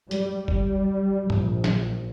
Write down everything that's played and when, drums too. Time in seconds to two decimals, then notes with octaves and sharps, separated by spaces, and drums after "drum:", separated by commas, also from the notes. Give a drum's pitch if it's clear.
0.11 G3, drum: hi-hat
0.48 G3, drum: kick F#1
1.30 A#1, drum: tom
1.64 drum: snare